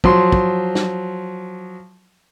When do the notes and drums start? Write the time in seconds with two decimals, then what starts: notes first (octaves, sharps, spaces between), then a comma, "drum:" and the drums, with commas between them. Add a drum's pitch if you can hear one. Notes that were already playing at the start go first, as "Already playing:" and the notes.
0.04 F3 F#3 C6, drum: kick
0.32 drum: kick
0.75 drum: snare